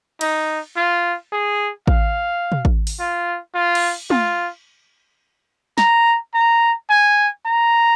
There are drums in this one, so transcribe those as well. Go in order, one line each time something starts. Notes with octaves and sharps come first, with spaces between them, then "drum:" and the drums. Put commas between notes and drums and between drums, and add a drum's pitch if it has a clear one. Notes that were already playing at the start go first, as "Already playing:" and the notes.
D#4, drum: cymbal
F4
G#4
F5, drum: kick A1
drum: tom
drum: kick A1
drum: open hi-hat
F4
F4
drum: cymbal
F4, drum: tom
A#5, drum: snare
A#5
G#5
A#5